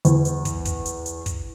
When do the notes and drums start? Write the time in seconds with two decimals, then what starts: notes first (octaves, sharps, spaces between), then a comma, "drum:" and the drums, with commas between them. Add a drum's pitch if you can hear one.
0.05 E2, drum: hi-hat
0.25 drum: hi-hat
0.45 drum: kick, hi-hat
0.65 drum: kick, hi-hat
0.86 drum: hi-hat
1.06 drum: hi-hat
1.26 drum: kick, hi-hat